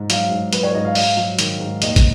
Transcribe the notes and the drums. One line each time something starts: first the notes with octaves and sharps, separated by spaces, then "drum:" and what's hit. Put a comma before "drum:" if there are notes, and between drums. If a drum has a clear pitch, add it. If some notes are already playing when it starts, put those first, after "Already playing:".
Already playing: G#2
F#3 F5, drum: hi-hat
G#2
F#3 B4, drum: hi-hat
C#5
G#2 D#5
F5
G#2 F5, drum: open hi-hat
F#3
D#3, drum: hi-hat
G#2
D#2 D#5, drum: hi-hat
drum: kick, hi-hat